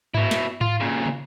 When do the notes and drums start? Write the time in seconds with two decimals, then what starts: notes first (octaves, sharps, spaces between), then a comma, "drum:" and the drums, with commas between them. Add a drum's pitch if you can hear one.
0.14 B2 E4, drum: tom G2
0.31 drum: snare
0.61 F4, drum: tom G#2
0.80 A#2 C#3
1.06 drum: tom